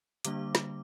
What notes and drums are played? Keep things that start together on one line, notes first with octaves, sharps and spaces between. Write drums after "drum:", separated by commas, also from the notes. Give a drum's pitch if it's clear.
D3 G3 A#3 D4 D6, drum: hi-hat
drum: snare